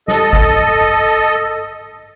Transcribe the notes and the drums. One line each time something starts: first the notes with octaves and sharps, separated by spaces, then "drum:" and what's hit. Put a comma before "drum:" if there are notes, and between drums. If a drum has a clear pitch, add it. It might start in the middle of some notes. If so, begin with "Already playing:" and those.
A4 D#5, drum: snare
drum: kick
drum: tom G2
drum: hi-hat